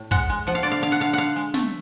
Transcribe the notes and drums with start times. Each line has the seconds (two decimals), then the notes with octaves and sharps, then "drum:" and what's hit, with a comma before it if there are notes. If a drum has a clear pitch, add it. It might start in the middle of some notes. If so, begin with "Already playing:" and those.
Already playing: A2
0.11 G#3 F#5, drum: kick, hi-hat
0.29 G#3
0.47 F3 F#5
0.55 F5
0.63 D3 D5
0.72 F5
0.82 D3 F5, drum: hi-hat
0.92 F#5
1.00 D3 F5
1.13 D3 F5 F#5
1.36 G#3
1.54 A3, drum: snare